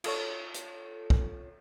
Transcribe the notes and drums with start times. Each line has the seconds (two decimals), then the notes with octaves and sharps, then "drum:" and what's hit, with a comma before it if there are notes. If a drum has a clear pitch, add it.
0.04 F4 A4 C#5, drum: cymbal
0.54 drum: hi-hat
1.10 drum: kick